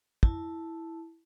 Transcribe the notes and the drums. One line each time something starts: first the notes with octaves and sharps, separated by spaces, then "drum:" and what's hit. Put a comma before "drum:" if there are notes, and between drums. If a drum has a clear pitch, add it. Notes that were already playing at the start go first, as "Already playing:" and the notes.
E4 A5, drum: kick